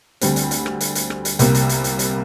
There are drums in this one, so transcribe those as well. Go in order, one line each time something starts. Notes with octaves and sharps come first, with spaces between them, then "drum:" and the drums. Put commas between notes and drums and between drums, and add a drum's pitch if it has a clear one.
D2 D3 G3 C4, drum: hi-hat
drum: hi-hat
drum: hi-hat
drum: rim click
drum: hi-hat
drum: hi-hat
drum: rim click
drum: hi-hat
C2 C3 G3 A#3, drum: hi-hat
drum: hi-hat
drum: hi-hat
drum: hi-hat
drum: hi-hat